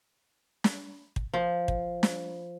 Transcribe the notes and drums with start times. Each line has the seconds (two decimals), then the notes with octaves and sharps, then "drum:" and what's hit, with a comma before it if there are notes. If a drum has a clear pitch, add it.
0.64 drum: snare
1.16 drum: kick
1.34 F3
1.68 drum: kick
2.03 drum: snare